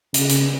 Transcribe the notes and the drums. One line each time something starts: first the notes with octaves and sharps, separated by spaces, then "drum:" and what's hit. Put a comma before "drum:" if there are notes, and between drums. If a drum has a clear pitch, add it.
C#3, drum: hi-hat
drum: hi-hat